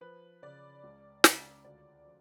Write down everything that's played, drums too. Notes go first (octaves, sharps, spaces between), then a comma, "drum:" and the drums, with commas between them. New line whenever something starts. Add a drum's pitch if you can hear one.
F3 B4
C#3 D5
C#2
C#2, drum: snare
D2 D5
F3